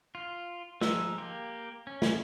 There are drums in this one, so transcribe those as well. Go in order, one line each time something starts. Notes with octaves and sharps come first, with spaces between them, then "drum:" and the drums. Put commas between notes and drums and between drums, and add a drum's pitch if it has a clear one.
F4
F3 G#3 D#4 E6, drum: snare
A#3 G4
C#4
drum: snare